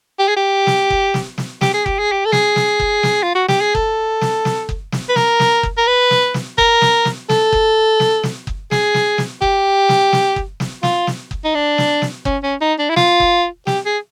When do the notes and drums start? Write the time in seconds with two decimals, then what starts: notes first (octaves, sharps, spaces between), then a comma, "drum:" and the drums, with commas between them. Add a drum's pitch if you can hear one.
0.19 G4
0.28 G#4
0.37 G4
0.67 drum: snare
0.90 drum: kick F#1
1.14 drum: snare
1.38 drum: snare
1.61 G4, drum: snare
1.74 G#4
1.86 G4, drum: kick F#1
1.99 G#4
2.12 G4
2.26 A4
2.32 G#4, drum: snare
2.56 drum: snare
2.80 drum: kick F#1
3.03 drum: snare
3.23 F4
3.35 F#4
3.48 G4, drum: snare
3.61 G#4
3.75 A4, drum: kick F#1
4.21 drum: snare
4.45 drum: snare
4.69 drum: kick F#1
4.92 drum: snare
5.09 B4
5.16 A#4, drum: snare
5.40 drum: snare
5.63 drum: kick F#1
5.78 A#4
5.87 B4
6.11 drum: snare
6.34 drum: snare
6.58 A#4, drum: kick F#1
6.82 drum: snare
7.05 drum: snare
7.29 A4, drum: snare
7.52 drum: kick F#1
8.00 drum: snare
8.23 drum: snare
8.47 drum: kick F#1
8.71 G#4, drum: snare
8.94 drum: snare
9.18 drum: snare
9.42 G4, drum: kick F#1
9.89 drum: snare
10.13 drum: snare
10.36 drum: kick F#1
10.60 drum: snare
10.83 F4, drum: snare
11.07 drum: snare
11.31 drum: kick F#1
11.44 D#4
11.55 D4
11.78 drum: snare
12.02 drum: snare
12.25 C#4, drum: kick F#1
12.43 C#4
12.61 D#4
12.79 D4
12.89 E4
12.96 F4, drum: snare
13.20 drum: kick F#1
13.67 G4, drum: snare
13.86 G#4